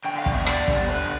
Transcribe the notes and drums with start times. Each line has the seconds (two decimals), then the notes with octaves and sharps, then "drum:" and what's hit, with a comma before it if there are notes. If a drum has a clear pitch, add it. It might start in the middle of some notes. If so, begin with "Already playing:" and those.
0.05 D3 G5
0.18 F5
0.26 G3 B3, drum: kick
0.33 E5
0.46 D3 D5, drum: rim click
0.68 G3 B3, drum: kick
0.90 D3 B4